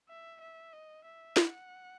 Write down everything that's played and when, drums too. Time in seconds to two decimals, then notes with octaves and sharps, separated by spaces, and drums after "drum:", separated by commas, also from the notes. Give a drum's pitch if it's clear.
0.09 E5
0.41 E5
0.73 D#5
1.04 E5
1.37 F#5, drum: snare